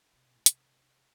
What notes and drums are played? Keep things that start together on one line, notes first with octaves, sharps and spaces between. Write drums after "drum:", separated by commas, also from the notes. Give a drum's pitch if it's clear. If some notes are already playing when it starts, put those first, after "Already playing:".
C3
B2
A2
C3, drum: hi-hat